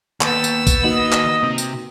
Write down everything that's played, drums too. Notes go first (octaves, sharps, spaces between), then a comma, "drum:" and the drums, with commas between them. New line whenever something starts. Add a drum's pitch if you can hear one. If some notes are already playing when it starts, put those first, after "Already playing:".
D#2 B3 C#6 E6 G6 A6, drum: clap
drum: tambourine
drum: kick A#1, tambourine
D#3 A#3 D#4 F#4 D#5 B5
drum: clap
C3 C4
drum: tambourine